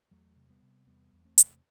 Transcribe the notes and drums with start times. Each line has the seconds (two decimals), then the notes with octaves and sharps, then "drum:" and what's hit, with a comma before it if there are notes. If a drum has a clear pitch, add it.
0.11 E2 F#3 A3
0.36 C3
0.50 G3 B3
0.62 C3
0.87 E2 G3 B3
1.13 E2
1.25 A3 C4
1.38 C3, drum: hi-hat